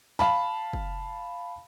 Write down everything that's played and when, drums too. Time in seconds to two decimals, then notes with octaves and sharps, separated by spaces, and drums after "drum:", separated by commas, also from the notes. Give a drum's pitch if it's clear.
0.19 F5 A5 B5, drum: snare
0.73 drum: kick